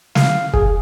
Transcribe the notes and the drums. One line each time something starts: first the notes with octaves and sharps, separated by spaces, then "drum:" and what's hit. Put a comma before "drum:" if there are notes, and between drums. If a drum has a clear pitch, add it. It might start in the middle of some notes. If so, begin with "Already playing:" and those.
F5, drum: snare
G#4, drum: kick